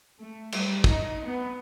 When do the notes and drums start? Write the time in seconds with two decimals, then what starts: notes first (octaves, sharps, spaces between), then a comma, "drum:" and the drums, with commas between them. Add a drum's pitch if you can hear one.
0.19 A3
0.52 G3, drum: cymbal
0.84 D#4, drum: kick
1.25 B3